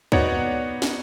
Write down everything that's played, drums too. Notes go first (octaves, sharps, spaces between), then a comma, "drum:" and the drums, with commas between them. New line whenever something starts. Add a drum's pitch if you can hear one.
B3 D#4 F#4 C#5 D5 F#5, drum: kick
drum: snare